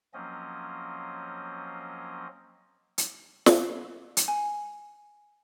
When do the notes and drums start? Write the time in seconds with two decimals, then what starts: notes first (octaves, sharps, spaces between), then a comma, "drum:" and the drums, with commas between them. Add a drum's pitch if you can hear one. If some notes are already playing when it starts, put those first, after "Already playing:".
0.14 F3 F#3 A#3 C4 C#4 D#5
2.98 drum: hi-hat
3.46 drum: snare
4.17 drum: hi-hat
4.28 G#5